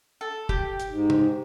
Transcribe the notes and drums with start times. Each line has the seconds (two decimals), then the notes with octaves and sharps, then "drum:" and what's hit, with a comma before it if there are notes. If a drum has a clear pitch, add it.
0.21 A4
0.49 G4, drum: kick
0.80 drum: hi-hat
0.89 G#2
1.10 drum: tom